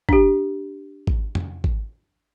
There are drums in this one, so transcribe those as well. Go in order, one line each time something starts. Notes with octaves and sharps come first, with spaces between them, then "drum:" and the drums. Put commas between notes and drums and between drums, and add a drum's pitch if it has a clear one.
D4 G4, drum: kick
drum: kick
drum: tom F2
drum: kick